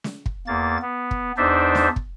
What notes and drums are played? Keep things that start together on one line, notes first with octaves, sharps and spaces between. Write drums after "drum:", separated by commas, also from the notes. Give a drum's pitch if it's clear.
drum: snare
drum: kick
E2 A#3 A6
B3
drum: kick
E2 D4 D#4 C5 D5 E5
drum: snare
drum: kick